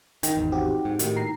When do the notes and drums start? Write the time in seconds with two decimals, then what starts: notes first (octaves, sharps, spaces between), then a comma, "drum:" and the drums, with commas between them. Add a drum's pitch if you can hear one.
0.23 D#3 D#4 G5, drum: hi-hat
0.35 G#1 E2
0.52 C4 F#4 G4
0.85 G#2
0.99 A2 D#3, drum: hi-hat
1.16 A#2 A#5 C7